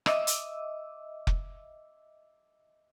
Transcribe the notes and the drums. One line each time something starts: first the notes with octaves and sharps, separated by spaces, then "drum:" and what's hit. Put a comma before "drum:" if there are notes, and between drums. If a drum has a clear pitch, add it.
D#5 E5 D6 E6, drum: rim click
drum: hi-hat
drum: kick F1